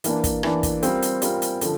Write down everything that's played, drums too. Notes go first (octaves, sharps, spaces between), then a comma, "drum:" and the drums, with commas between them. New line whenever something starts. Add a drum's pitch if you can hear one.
E3 A#3 D4, drum: hi-hat
drum: kick, hi-hat
E3 A#3 D4, drum: rim click
drum: kick, hi-hat
G3 C4 F4 A#4, drum: hi-hat
drum: hi-hat
G3 C4 F4 A#4, drum: hi-hat
drum: hi-hat
D3 F3, drum: hi-hat